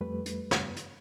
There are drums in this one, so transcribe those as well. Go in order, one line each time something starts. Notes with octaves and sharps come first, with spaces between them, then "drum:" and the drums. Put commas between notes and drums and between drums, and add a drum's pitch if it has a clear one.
F2 G3 A3 B4
drum: hi-hat
drum: snare
drum: hi-hat